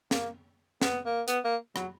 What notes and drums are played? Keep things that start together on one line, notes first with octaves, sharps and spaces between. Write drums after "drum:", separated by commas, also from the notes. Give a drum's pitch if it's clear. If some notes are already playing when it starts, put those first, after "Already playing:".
A#3, drum: snare
B3, drum: snare
A#3
B3, drum: hi-hat
A#3
F#3, drum: rim click